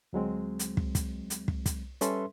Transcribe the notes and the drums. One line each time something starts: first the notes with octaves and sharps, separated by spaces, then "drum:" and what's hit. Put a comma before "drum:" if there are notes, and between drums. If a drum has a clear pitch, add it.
D2 F#3 G#3 C4
drum: hi-hat
drum: kick
drum: kick, hi-hat
drum: hi-hat
drum: kick
drum: kick, hi-hat
G3 C#4 A4 B4 E5 C6, drum: hi-hat